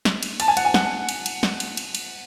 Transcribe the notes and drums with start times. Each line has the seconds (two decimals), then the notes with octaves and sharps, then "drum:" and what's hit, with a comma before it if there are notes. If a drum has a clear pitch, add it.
0.05 drum: snare
0.23 drum: cymbal
0.40 A5, drum: cymbal
0.48 G#5
0.57 F#5, drum: cymbal
0.65 G#5
0.74 F#5, drum: snare
1.09 drum: cymbal
1.26 drum: cymbal
1.43 drum: snare
1.60 drum: cymbal
1.77 drum: cymbal
1.95 drum: cymbal